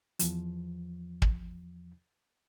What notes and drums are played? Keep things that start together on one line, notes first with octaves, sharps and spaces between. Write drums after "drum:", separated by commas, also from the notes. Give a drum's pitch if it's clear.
E2 F3, drum: hi-hat
drum: kick